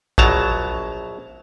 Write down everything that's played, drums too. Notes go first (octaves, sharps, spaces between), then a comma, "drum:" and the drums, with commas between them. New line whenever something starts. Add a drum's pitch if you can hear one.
A#1 B2 F#3 A5 A#5, drum: kick A1